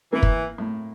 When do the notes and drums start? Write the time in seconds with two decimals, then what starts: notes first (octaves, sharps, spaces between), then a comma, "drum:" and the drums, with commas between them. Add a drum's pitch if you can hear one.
0.13 E3 A#3
0.23 drum: kick
0.58 A2